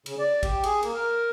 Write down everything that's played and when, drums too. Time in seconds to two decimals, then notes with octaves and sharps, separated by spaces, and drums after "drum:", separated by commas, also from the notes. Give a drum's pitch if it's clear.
0.06 C#3, drum: cymbal
0.19 D5
0.43 G4, drum: kick, cymbal
0.64 G#4, drum: cymbal
0.83 A#3, drum: cymbal
0.94 A#4